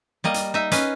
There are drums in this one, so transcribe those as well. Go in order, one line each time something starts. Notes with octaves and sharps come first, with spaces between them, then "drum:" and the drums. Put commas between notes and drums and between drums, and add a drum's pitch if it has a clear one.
G3 A#3 D#5
drum: hi-hat
D#4 D#5 E5
C#4 B4 D#5 F5, drum: hi-hat